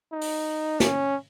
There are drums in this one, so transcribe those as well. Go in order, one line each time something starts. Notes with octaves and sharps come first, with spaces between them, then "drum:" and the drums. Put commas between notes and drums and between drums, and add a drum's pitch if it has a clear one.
D#4
drum: open hi-hat
C#4, drum: snare